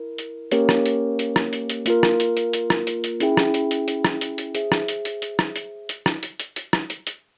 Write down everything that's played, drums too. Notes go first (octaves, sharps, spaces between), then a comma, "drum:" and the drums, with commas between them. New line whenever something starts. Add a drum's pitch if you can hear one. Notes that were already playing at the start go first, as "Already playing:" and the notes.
Already playing: E4 A#4
drum: hi-hat
A#3 C#4 G4 A#4 C#5, drum: hi-hat
drum: rim click
drum: hi-hat
drum: hi-hat
drum: rim click
drum: hi-hat
drum: hi-hat
A#3 F4 A#4, drum: hi-hat
drum: rim click
drum: hi-hat
drum: hi-hat
drum: hi-hat
drum: rim click
drum: hi-hat
drum: hi-hat
C#4 E4 G#4 E5 G5, drum: hi-hat
drum: rim click
drum: hi-hat
drum: hi-hat
drum: hi-hat
drum: rim click
drum: hi-hat
drum: hi-hat
G#4 C5 E5, drum: hi-hat
drum: rim click
drum: hi-hat
drum: hi-hat
drum: hi-hat
drum: rim click
drum: hi-hat
drum: hi-hat
drum: rim click
drum: hi-hat
drum: hi-hat
drum: hi-hat
drum: rim click
drum: hi-hat
drum: hi-hat